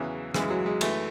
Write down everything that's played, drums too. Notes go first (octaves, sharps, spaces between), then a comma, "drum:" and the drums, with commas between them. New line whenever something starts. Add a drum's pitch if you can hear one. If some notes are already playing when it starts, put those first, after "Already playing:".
Already playing: E2 C#3 E3 F#3
F#2 C#3 E3 G#3, drum: rim click
F#3
G#3
F#2 E3 A3, drum: cymbal